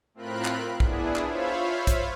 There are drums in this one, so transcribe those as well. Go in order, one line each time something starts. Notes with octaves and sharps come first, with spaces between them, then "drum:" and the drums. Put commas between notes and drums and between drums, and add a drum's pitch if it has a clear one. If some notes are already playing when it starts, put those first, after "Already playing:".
A2 C4 F4 A#4 B5 F#6
drum: clap
B3 D4 E4 G#4, drum: kick
drum: clap
F4 C5 C#5 E5 F5 B5
drum: kick, hi-hat